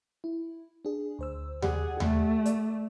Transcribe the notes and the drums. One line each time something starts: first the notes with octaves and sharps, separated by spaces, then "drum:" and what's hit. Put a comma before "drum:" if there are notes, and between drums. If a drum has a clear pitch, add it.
E4
D4 G#4
D2 C5 E6
G4 G#4 D5 F#5, drum: tom D#2
A3, drum: tom D#2
D5, drum: hi-hat